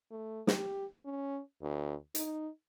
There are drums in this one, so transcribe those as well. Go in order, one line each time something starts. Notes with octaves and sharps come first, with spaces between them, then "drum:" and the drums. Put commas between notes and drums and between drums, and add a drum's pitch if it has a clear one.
A3
G4, drum: snare
C#4
D2
D#4, drum: hi-hat